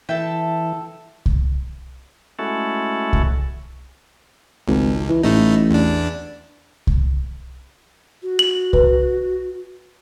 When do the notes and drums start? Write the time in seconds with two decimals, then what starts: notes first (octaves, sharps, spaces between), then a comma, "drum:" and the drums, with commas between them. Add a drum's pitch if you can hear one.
0.09 E3 A4 E5 G5
1.26 drum: kick C2
2.39 G#3 A3 C#4 E4 F#4 A4
3.13 drum: kick C2
4.68 G#1 C#2
5.09 E3
5.23 A1 A2 A3 D#4
5.71 E2 D4
6.87 drum: kick C2
8.23 F#4
8.39 F#7
8.73 B4, drum: kick C2